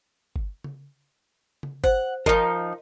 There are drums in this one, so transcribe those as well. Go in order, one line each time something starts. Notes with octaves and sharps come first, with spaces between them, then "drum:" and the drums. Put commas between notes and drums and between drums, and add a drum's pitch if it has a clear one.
drum: kick G1
drum: tom C#3
drum: tom C#3
C5 F#5, drum: kick G1
F3 D#4 A#4 D#5 F5, drum: kick G1